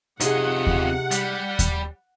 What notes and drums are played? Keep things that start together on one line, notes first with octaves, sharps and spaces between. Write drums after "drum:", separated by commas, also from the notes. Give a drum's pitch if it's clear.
F2 C3 D#4 G#4 D#5 F#5, drum: hi-hat
drum: kick D#2
G3, drum: hi-hat
drum: kick D#2, hi-hat